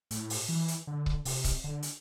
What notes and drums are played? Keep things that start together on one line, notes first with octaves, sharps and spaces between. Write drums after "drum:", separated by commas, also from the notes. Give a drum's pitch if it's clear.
A2, drum: hi-hat
drum: open hi-hat
E3
drum: hi-hat
D3
drum: kick C#1
C3, drum: open hi-hat
drum: kick C#1, hi-hat
D3
drum: hi-hat